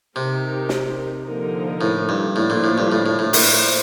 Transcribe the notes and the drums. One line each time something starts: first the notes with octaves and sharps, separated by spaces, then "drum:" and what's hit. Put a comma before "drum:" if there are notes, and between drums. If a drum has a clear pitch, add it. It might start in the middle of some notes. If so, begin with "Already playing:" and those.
C3 C4 D#4 G4 A#4
drum: snare
D3 F3 A#3 D#4 A#4
A2
G2
A2 D3 F3 A#3 D4 F4
A#2
A2
G2
A2
A2
A2
A2, drum: open hi-hat
A#3 F4 C5